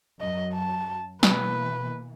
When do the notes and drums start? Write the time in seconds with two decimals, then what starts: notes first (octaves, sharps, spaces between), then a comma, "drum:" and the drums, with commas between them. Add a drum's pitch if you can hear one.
0.20 F#2 F#3 D#5
0.54 A5
1.23 B2 E3 A#3 B4, drum: snare